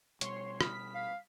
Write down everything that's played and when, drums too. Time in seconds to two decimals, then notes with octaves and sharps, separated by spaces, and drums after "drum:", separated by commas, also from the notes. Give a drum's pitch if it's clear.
0.21 B2 G3 C#5 C6, drum: hi-hat
0.61 B5 D#6 F6 B6, drum: rim click
0.94 F5